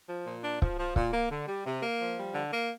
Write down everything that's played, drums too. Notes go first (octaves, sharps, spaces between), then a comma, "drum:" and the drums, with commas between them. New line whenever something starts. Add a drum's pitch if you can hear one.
F3
A#2
D4
F3, drum: kick C#1
F3
A#2, drum: kick C#1
A#3
D3
G3
C3
A#3
F3
G3
D3
A#3